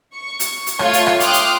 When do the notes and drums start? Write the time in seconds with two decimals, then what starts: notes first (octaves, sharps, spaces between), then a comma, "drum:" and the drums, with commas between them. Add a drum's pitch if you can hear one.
0.16 C#6
0.40 drum: hi-hat
0.66 drum: hi-hat
0.79 A3 F4 C#5 C6 C#6 G#6, drum: rim click
0.93 drum: hi-hat
1.07 drum: rim click
1.20 G5 C6 D6 D#6 F6 F#6, drum: hi-hat
1.33 drum: hi-hat